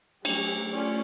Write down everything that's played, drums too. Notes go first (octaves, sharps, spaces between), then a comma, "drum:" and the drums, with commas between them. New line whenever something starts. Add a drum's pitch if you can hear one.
F#3 A3 C#4 D#4 G4 G#4, drum: cymbal
A3 C#4 F4 G4 D5